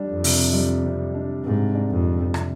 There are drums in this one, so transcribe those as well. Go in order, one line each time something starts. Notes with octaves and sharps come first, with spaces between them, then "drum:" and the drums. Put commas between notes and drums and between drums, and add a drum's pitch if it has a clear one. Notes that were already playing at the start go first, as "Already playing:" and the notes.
Already playing: G3 D4
F2
C3, drum: open hi-hat
G3
C3
D4
G#2 C3
D4
F2
D4
C3, drum: rim click